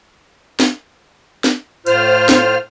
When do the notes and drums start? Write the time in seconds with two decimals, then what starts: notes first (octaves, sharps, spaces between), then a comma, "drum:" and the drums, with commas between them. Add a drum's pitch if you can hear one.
0.60 drum: snare
1.44 drum: snare
1.86 A2 F4 C5 F6, drum: hi-hat
2.29 drum: snare